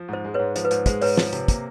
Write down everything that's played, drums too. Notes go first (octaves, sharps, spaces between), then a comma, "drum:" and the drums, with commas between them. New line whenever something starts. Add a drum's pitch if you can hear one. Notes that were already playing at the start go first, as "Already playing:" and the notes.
Already playing: F3
G#2 C5
G#3
G#2 B4 C#5
F3 C5, drum: hi-hat
B4
G#2 C5, drum: hi-hat
G#3 C5, drum: kick, hi-hat
G#2 B4 C#5, drum: open hi-hat
F3 C5, drum: snare
C3, drum: hi-hat
A#3, drum: kick, hi-hat